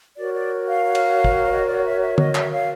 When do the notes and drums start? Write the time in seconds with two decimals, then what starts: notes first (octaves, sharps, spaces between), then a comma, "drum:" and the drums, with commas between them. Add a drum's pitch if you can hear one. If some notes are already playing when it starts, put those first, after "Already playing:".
0.17 F#4 A#4 C#5 D5
0.33 D5
0.67 F5
0.95 drum: cymbal
1.24 drum: kick
1.45 D5
1.50 D#5
1.67 D5
1.85 E5
2.01 E5
2.18 D#5, drum: tom
2.35 E5, drum: clap
2.51 F5